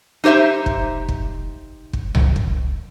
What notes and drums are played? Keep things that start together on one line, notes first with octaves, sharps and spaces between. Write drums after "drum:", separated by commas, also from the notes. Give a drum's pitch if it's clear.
D#4 G4 C5 E5 A#5
drum: kick
drum: kick
drum: kick
drum: tom C2
drum: kick